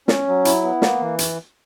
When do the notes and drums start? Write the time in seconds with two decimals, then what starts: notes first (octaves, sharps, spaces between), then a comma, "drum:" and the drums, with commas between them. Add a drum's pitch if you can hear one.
0.08 C#4, drum: snare
0.27 F#3
0.45 E4, drum: hi-hat
0.63 B3
0.82 A#3, drum: snare
1.01 E3
1.19 drum: hi-hat